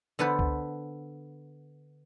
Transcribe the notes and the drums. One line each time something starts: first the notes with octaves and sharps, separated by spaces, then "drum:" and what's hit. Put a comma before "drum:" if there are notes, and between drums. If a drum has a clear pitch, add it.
D3 B3 A4 B4 C5
drum: kick C#2